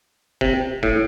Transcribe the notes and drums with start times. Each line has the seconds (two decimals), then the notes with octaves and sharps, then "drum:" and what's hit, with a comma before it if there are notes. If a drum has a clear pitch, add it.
0.41 C3, drum: kick
0.83 A2, drum: kick